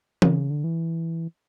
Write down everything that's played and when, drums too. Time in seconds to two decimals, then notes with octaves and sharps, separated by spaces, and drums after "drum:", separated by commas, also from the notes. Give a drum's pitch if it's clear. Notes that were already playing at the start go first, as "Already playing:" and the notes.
0.22 C#3, drum: tom E3
0.50 D3
0.64 E3